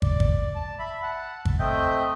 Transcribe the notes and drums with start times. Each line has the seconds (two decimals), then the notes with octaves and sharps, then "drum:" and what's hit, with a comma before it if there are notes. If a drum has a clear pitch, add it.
0.02 D5, drum: kick
0.20 drum: kick
0.55 A5
0.79 E5 B5
1.02 F#5 A5
1.45 drum: kick
1.59 A3 C4 D#5 E5 G5 G6